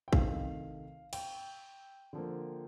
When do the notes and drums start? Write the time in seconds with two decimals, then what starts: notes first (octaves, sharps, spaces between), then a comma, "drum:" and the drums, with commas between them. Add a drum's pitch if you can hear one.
0.08 G5
0.13 C3 D#3 A3 F5, drum: kick
1.13 G5, drum: cymbal
2.13 D3 F3 A#3